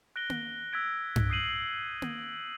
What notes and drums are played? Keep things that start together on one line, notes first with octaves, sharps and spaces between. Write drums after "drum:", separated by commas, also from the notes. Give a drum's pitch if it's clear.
F#6 A#6 D7 G7
drum: tom A#3
E6 G#6 B6 D7
drum: tom G2
D#6 G6 C7 D#7 F#7
drum: tom A#3